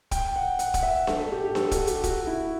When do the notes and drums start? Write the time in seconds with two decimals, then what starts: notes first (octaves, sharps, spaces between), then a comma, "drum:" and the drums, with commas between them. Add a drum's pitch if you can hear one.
0.11 G5, drum: kick D1, hi-hat
0.36 F#5
0.59 F#5, drum: hi-hat
0.74 F#5, drum: kick D1, hi-hat
0.83 E5
1.07 A4, drum: snare D4
1.32 G4
1.44 G4
1.55 A4, drum: snare D4
1.71 F#4, drum: kick D1, hi-hat
1.87 G4, drum: hi-hat
2.04 F#4, drum: kick D1, hi-hat
2.27 E4